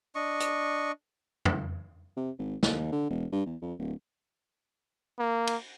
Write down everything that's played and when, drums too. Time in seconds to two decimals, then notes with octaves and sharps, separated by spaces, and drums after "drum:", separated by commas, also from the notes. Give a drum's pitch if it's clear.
0.15 D4 D#5 C#6
0.40 drum: hi-hat
1.45 drum: tom
2.17 C3
2.38 G#1
2.63 D#2, drum: snare
2.92 D3
3.10 E1
3.32 G2
3.46 E2
3.62 F2
3.79 D1
5.19 A#3
5.47 drum: cymbal